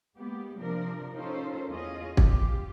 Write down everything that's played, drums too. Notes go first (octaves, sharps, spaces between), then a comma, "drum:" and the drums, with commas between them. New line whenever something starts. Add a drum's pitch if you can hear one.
G#3 A#3 B3 G4
C3 F3 D4 A#4
C#4 D#4 F4 A4 A#4 C5
E2 C#4 F4 G#4 D#5
F4 G4, drum: kick